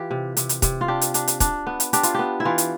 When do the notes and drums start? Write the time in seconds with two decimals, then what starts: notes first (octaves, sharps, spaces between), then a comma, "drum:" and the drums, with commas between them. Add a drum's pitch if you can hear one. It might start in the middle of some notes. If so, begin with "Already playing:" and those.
Already playing: E3 F4 G4
0.11 C3
0.37 C3, drum: hi-hat
0.49 drum: hi-hat
0.62 C3, drum: kick, hi-hat
0.81 F4
0.88 D4 G4
1.01 drum: hi-hat
1.14 D4, drum: hi-hat
1.28 drum: hi-hat
1.40 D4, drum: kick, hi-hat
1.67 B3
1.80 drum: hi-hat
1.93 D4 G4, drum: hi-hat
2.03 F4, drum: hi-hat
2.14 B3 G4
2.40 E4
2.45 E3 F4
2.58 drum: hi-hat